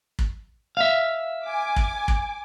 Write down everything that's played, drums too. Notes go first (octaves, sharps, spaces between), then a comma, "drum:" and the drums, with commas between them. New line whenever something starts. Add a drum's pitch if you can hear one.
drum: kick
E5 F5
G#5 D6
drum: kick
drum: kick